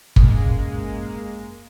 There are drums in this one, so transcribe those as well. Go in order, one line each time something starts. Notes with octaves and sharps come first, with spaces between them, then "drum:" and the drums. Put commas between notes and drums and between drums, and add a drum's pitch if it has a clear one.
F#2 G#3 A#3, drum: kick